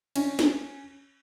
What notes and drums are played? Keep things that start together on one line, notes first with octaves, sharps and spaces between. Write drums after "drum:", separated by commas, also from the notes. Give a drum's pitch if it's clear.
C#4, drum: cymbal
drum: snare